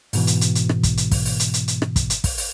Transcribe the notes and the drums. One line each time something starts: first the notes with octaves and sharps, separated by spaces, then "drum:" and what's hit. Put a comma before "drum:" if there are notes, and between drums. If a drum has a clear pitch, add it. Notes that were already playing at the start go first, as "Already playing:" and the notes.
G#2 B2 E3, drum: open hi-hat
drum: hi-hat
drum: hi-hat
drum: hi-hat
drum: rim click
drum: kick, hi-hat
drum: hi-hat
drum: kick, open hi-hat
drum: open hi-hat
drum: hi-hat
drum: hi-hat
drum: hi-hat
drum: rim click
drum: kick, hi-hat
drum: hi-hat
drum: kick, open hi-hat
drum: open hi-hat